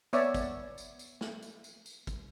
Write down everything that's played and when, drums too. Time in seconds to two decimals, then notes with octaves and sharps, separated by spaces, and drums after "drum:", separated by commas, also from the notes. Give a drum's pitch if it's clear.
0.13 B3 C#5 D5 E5, drum: tambourine
0.34 drum: kick, tambourine
0.78 drum: tambourine
0.99 drum: tambourine
1.21 drum: snare
1.42 drum: tambourine
1.64 drum: tambourine
1.86 drum: tambourine
2.07 drum: kick, tambourine